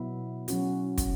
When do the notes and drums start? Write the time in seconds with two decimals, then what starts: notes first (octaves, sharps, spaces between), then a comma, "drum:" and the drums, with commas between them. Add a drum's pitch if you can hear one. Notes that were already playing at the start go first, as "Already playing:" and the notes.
Already playing: B2 F#3 B3 E4
0.48 F#3 C#4 F#4, drum: hi-hat
0.98 drum: kick, hi-hat